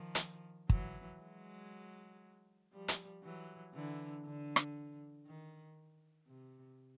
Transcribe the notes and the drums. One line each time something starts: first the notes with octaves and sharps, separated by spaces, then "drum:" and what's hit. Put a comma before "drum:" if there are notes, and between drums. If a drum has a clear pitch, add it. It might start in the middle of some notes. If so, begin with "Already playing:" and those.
Already playing: D#3 F3
drum: hi-hat
E3 F#3, drum: kick
F#3 G#3
F3 G3
drum: hi-hat
E3 F#3
D3 E3
D3
drum: rim click
D#3
C3